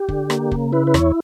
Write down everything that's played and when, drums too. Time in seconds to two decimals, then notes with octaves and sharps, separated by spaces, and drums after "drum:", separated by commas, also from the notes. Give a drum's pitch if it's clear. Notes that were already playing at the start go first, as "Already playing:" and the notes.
Already playing: G4
0.08 D3, drum: kick
0.30 A#3, drum: rim click
0.51 C#3, drum: kick
0.73 E4 B4
0.87 B4
0.94 E2 C#5, drum: rim click